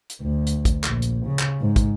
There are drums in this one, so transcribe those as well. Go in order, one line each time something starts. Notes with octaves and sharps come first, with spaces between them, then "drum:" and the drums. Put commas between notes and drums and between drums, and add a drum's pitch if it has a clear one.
drum: hi-hat
D2
drum: hi-hat
drum: kick, hi-hat
A#1, drum: clap
drum: hi-hat
C#3
drum: clap
G#2
drum: kick, hi-hat